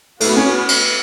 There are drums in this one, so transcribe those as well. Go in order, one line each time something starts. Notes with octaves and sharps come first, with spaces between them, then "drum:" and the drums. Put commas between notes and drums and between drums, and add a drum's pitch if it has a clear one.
A3 B3 F#4 B4, drum: cymbal
C#4
drum: cymbal